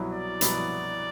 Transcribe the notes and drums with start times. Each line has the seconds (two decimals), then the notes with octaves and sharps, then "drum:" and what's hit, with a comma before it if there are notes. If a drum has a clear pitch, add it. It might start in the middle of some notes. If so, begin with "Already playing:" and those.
Already playing: C2 B2 F#3 B3 E4
0.11 D5
0.41 C2 B2 F#3 B3 E4, drum: hi-hat